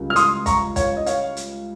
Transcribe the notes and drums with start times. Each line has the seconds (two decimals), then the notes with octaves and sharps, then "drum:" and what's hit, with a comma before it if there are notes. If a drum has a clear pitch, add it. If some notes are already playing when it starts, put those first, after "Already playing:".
Already playing: C#2 C#3 G3
0.10 F6
0.16 C6 D#6, drum: hi-hat
0.46 A#5 C#6, drum: kick, hi-hat
0.76 C#5 F5, drum: kick, hi-hat
0.97 D#5
1.06 C#5 F5, drum: hi-hat
1.37 drum: hi-hat